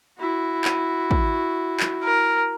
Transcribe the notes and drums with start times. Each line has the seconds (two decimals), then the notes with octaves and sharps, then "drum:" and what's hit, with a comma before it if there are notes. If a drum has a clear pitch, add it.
0.18 E4 F#4
0.64 drum: clap
1.11 drum: kick
1.80 drum: clap
2.04 A#4